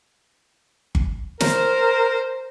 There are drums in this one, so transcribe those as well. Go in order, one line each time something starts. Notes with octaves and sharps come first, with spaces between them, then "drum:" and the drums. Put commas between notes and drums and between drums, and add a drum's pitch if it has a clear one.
drum: kick G1
A#4 C5, drum: snare